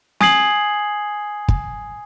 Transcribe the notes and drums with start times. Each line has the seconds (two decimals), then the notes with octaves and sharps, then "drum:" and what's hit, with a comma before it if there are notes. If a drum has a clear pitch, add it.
0.21 G#5 D#6 G#6 C7 F#7, drum: snare
1.48 drum: kick